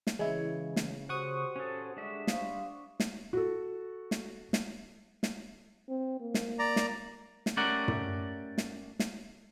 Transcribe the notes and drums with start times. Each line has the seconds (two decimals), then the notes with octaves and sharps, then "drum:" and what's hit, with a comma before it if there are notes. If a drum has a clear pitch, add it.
0.07 drum: snare
0.19 C#3 E3 G#3 E4 C#5
0.76 drum: snare
1.09 C#3 F#4 G4 C5 F#5 C#6 D#6
1.56 C#4 A4
1.97 D3 G3 G#3 D4 E5
2.27 G3 C5 F5, drum: snare
3.00 drum: snare
3.33 F#4 A4
4.11 drum: snare
4.53 drum: snare
5.23 drum: snare
5.89 C4
6.20 A#3
6.34 drum: snare
6.59 D5 A#5
6.76 drum: snare
7.46 drum: snare
7.57 A3 C#4 G4 A#4 D5 F#5
7.88 drum: tom
8.58 drum: snare
8.99 drum: snare